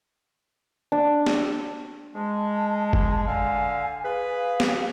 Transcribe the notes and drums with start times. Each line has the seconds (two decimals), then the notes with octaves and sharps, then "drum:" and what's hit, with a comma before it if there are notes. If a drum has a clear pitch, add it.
0.92 D4
1.26 drum: snare
2.14 G#3 A5
2.93 drum: kick F#1
3.27 D3 F5 G#5
4.04 G#4 B4 F5
4.60 drum: snare